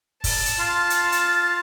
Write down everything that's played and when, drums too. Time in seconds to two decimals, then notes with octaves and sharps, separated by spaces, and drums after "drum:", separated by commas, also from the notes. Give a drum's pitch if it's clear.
0.24 A5, drum: kick, open hi-hat
0.46 drum: hi-hat
0.59 F4
0.90 drum: hi-hat
1.12 drum: hi-hat